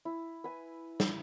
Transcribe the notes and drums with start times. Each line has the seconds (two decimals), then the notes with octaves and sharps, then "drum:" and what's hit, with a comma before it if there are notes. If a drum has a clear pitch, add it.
0.05 E4
0.44 B4 G#5
1.00 drum: snare